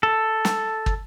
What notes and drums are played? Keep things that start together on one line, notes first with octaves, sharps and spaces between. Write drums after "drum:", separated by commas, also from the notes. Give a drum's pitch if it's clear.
A4
drum: snare
drum: kick